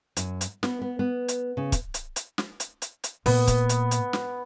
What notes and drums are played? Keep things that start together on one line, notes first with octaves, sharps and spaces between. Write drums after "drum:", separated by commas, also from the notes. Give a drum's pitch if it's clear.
F#2, drum: hi-hat
drum: hi-hat
B3, drum: snare
B3
B3
drum: hi-hat
C#3
drum: kick, hi-hat
drum: hi-hat
drum: hi-hat
drum: snare
drum: hi-hat
drum: hi-hat
drum: hi-hat
A#2 B3, drum: open hi-hat
drum: kick, hi-hat
drum: hi-hat
drum: hi-hat
drum: snare